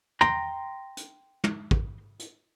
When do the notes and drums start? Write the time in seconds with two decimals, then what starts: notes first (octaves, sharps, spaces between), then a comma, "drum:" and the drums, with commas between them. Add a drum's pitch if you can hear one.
0.21 G5 A#5 C6, drum: tom
0.97 drum: hi-hat
1.44 drum: tom
1.71 drum: kick
2.19 drum: hi-hat